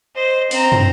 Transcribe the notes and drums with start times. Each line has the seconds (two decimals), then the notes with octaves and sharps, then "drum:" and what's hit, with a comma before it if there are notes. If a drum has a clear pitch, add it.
0.16 C5 D#5
0.51 C4 A#5, drum: open hi-hat
0.72 drum: tom